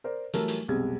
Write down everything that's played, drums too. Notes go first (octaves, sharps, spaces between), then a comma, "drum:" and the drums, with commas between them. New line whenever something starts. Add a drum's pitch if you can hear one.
A#4 C5 D5
E3 F#3 G3 A3 A4 A#4, drum: hi-hat
drum: hi-hat
B1 F2 C3 G3 G#3 G#6